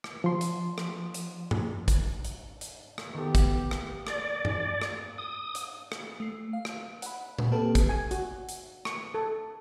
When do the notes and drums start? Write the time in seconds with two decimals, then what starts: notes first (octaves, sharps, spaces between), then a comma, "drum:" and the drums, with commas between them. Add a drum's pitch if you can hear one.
0.04 drum: rim click
0.24 F3 C6
0.41 drum: hi-hat
0.78 drum: rim click
1.14 drum: hi-hat
1.51 drum: tom G2
1.88 drum: kick, hi-hat
2.25 drum: hi-hat
2.61 drum: hi-hat
2.98 drum: rim click
3.15 D#3 B3 G4 A4
3.35 drum: kick, hi-hat
3.71 drum: rim click
4.07 D5, drum: rim click
4.45 drum: tom G2
4.82 drum: rim click
5.18 D#6
5.55 drum: hi-hat
5.92 drum: rim click
6.20 A3 C7
6.53 F5
6.65 drum: rim click
7.02 F#5 B5, drum: hi-hat
7.38 drum: tom A#2
7.52 A#3 C4 G4 A4 B4 A5
7.75 drum: kick, hi-hat
7.89 G#5
8.11 F#4, drum: hi-hat
8.49 drum: hi-hat
8.85 C#6, drum: rim click
9.14 A4